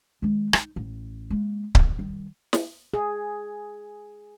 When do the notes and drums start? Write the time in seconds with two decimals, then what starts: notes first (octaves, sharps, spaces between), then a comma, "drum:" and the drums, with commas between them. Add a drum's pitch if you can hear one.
0.22 D#3 G#3
0.53 D#4, drum: rim click
0.76 A1
1.30 G#3 A#3
1.75 A2 D#3, drum: kick C#1
1.99 D#3 G3
2.53 drum: snare
2.94 G#4